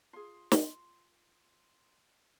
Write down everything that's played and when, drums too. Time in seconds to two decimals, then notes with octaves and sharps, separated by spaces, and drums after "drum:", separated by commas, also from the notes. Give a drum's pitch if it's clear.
0.13 F4 G#4 C6
0.52 drum: snare